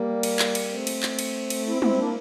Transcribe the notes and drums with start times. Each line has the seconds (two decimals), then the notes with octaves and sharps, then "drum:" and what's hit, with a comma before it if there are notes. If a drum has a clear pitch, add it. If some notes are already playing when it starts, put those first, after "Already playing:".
Already playing: G3 A#3
0.23 drum: cymbal
0.39 drum: clap
0.55 drum: cymbal
0.71 A3 C4
0.87 drum: cymbal
1.03 drum: clap
1.19 drum: cymbal
1.50 drum: cymbal
1.66 C4 E4
1.82 C4 E4, drum: tom G3
1.98 A#3 D4